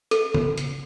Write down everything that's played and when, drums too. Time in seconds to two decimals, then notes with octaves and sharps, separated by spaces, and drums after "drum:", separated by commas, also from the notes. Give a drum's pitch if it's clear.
0.11 A4, drum: hi-hat
0.34 drum: tom C#3
0.58 drum: hi-hat